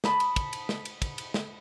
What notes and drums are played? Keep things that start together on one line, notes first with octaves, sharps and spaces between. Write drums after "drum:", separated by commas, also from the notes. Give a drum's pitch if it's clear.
A5 B5 D#6, drum: snare
drum: cymbal
drum: kick, cymbal
drum: cymbal
drum: snare
drum: cymbal
drum: kick, cymbal
drum: cymbal
drum: snare